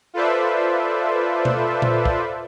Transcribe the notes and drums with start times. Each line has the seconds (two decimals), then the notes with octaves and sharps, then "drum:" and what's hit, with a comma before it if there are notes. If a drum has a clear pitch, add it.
0.14 F4 A4 B4 C5 D5 E5
1.45 drum: tom B2
1.82 drum: tom A#2
2.05 drum: kick